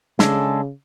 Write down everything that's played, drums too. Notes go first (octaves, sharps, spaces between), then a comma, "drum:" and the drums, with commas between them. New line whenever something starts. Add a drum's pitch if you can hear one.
C#3 G#3 D4 A4, drum: snare